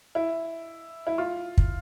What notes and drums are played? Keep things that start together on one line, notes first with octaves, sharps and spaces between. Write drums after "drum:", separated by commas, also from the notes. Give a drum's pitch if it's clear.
E4
E4
F4
drum: kick